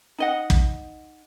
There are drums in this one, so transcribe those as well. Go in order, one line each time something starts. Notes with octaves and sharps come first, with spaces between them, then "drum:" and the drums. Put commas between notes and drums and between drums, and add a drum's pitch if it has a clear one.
D#4 D#5 F#5
drum: kick